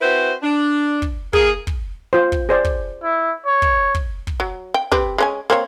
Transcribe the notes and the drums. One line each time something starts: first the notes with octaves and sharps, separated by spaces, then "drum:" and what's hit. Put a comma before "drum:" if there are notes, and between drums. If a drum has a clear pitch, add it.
C4 E4 F#4 B4 C5
D4
drum: kick
A#3 G#4, drum: kick
drum: kick
F4 C5
drum: kick
G#4 C5 D5
drum: kick
E4
C#5
drum: kick
drum: kick
drum: kick
F#3
G5
C4 G4 B4, drum: kick
G#3 C#4 G#5
A#3 C4 C#5